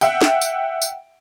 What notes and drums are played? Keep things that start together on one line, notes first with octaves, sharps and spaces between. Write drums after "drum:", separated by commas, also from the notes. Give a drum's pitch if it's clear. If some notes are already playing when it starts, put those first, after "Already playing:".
E5 F#5 G5, drum: tambourine
drum: snare
drum: tambourine
drum: tambourine